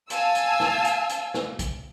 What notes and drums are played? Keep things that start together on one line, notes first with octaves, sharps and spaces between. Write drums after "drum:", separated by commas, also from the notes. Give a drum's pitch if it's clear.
F5 G#5 A5 E6, drum: hi-hat
drum: hi-hat
drum: snare
drum: hi-hat
drum: hi-hat
drum: snare
drum: kick A#1, hi-hat